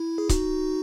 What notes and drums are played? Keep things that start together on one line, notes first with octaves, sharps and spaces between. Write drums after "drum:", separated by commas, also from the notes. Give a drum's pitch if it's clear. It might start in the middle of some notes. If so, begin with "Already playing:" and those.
Already playing: E4
G#4
D#4 F#4, drum: kick C#1, hi-hat